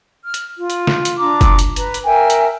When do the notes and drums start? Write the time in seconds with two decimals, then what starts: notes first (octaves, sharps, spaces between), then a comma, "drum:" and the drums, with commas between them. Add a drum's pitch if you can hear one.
0.23 F6
0.34 drum: hi-hat
0.58 F4
0.70 drum: hi-hat
0.87 drum: snare
1.05 drum: hi-hat
1.19 D4 F4 A#5 D6
1.41 drum: kick F#1, hi-hat
1.59 drum: hi-hat
1.76 B4 A#5, drum: hi-hat
1.94 drum: hi-hat
2.04 A#4 E5 G5 G#5
2.30 drum: hi-hat